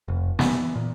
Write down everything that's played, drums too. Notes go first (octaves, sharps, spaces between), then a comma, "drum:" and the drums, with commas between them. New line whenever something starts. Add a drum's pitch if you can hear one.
F1
E3 B3, drum: snare
A#2